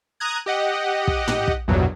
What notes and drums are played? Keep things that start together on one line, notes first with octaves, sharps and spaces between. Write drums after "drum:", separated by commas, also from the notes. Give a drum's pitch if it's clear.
A#5 D#6 F#6 G#6
G4 D#5 F#5
drum: kick
drum: tom
drum: kick
A#1 E2 G2 B2 F#3